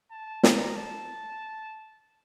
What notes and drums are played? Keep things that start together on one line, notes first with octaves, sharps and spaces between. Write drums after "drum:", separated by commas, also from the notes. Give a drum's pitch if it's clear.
A5
A#5, drum: snare
A5